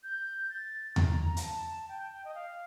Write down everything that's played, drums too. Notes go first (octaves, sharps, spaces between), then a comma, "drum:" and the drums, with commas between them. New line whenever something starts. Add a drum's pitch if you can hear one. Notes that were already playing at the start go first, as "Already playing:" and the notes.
G6
A6
A#5, drum: tom E2
A#5, drum: hi-hat
A5
G5
D#5
F5